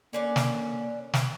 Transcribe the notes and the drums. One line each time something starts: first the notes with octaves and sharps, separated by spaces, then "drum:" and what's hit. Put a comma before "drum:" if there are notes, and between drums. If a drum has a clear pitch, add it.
D3 A#3 C#4 D5
drum: snare
drum: snare